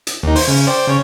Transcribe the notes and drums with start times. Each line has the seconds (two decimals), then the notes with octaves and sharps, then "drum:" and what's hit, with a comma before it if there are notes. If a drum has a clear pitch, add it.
0.07 drum: hi-hat
0.23 D#2 D#4
0.36 C5, drum: open hi-hat
0.48 C#3
0.67 C5 D5 G5
0.87 C#3 C#5